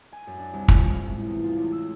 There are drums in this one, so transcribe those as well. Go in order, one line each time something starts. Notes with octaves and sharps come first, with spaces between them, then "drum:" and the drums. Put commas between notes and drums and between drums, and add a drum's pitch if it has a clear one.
G#5
F#2
D4
C2
F4, drum: kick
G#3
A2
E2
F4
C#2
E6